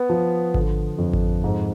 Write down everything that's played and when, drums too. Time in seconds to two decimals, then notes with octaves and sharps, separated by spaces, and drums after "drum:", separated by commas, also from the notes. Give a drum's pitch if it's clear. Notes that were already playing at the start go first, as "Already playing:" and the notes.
Already playing: B3
0.09 F3
0.54 D3, drum: kick G#1
0.98 F2
1.13 drum: kick G#1
1.44 G#2